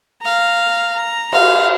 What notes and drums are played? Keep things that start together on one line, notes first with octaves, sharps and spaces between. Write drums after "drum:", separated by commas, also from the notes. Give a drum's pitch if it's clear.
F5 A#5
A#5
F5, drum: cymbal